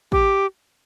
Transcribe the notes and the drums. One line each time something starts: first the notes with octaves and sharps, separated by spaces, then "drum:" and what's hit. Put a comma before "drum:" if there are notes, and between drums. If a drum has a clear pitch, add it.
G4, drum: kick